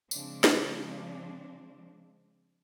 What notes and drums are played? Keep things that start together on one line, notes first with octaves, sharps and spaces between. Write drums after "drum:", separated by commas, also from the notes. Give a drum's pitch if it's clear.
C#3 F3 G#3 C4 D4, drum: tambourine
drum: snare